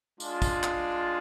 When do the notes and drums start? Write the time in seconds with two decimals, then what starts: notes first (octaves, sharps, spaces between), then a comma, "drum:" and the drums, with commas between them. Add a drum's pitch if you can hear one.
0.20 G#3 D4 F4, drum: tambourine
0.42 drum: kick, tambourine
0.63 drum: clap